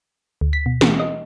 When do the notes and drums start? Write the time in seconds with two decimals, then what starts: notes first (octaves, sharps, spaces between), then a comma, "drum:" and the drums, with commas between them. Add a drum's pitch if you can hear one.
0.41 D2
0.53 B6
0.66 B2
0.81 E3, drum: snare
1.00 D#5